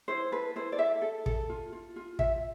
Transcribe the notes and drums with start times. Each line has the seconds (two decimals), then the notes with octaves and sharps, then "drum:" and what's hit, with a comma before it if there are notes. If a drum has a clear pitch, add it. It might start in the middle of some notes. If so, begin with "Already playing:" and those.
0.08 E4 C5
0.32 A4 B4
0.56 E4 C5
0.72 D5
0.78 A4 E5
1.02 A4
1.26 A4, drum: kick
1.49 F4
1.72 F4
1.96 F4
2.19 F4 E5, drum: kick